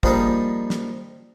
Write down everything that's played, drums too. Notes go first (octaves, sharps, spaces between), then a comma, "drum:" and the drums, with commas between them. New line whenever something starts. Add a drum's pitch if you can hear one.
F3 G3 A#3 D4 D#4 G#4, drum: kick
drum: snare